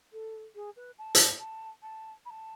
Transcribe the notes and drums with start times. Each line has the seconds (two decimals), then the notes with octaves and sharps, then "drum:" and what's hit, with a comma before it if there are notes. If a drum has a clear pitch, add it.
0.12 A4
0.55 G#4
0.76 B4
0.98 A5
1.15 drum: hi-hat
1.39 A5
1.82 A5
2.25 B5
2.30 A5